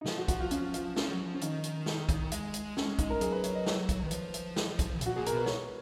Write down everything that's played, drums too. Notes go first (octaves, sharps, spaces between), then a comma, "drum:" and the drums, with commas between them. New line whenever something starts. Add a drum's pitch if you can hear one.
D#4
F3 F4, drum: snare
F#4
F#4, drum: kick, hi-hat
F4
C#4, drum: hi-hat
F4, drum: hi-hat
F3 C#4, drum: snare
F#3
F3
C#4
D#3 D#4, drum: hi-hat
drum: hi-hat
drum: snare
drum: kick, hi-hat
G#3, drum: hi-hat
drum: hi-hat
C#4, drum: snare
D#4, drum: kick, hi-hat
A#4
F#3 G#4, drum: hi-hat
B4
C#5, drum: hi-hat
D#5
C#5, drum: snare
drum: kick, hi-hat
D#3
B4
F3 C#5, drum: hi-hat
drum: hi-hat
drum: snare
drum: kick, hi-hat
A#2 F#4, drum: hi-hat
A#2 G#4
A#4, drum: hi-hat
B2 B4
C#5, drum: snare